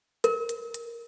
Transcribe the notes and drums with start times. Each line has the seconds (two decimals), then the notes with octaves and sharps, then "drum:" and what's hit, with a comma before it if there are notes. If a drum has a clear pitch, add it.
0.24 A#4, drum: hi-hat
0.49 drum: hi-hat
0.74 drum: hi-hat